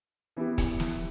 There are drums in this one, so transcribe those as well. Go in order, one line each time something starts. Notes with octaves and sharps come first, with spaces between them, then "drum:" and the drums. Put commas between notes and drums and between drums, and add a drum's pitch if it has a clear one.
E3 B3 E4 G4
drum: kick, hi-hat
drum: snare